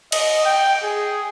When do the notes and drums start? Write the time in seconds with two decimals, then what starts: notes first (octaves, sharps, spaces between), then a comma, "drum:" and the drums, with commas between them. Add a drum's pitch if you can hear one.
0.12 D#5, drum: cymbal
0.45 G5
0.83 G#4